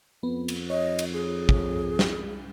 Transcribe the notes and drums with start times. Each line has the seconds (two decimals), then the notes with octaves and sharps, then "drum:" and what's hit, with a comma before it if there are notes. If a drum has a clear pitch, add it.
0.23 F2 B3
0.48 drum: cymbal
0.70 C#5 D#5
0.99 drum: cymbal
1.13 G#4
1.49 drum: kick
1.99 drum: snare